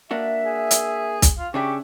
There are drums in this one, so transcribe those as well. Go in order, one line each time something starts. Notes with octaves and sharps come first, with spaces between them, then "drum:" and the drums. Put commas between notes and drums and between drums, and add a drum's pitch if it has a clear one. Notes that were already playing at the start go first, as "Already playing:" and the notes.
A#3 D4 F#4 E5
G#4
drum: hi-hat
drum: kick, hi-hat
F4
C#3 D4 G4 G#4 E5 C#6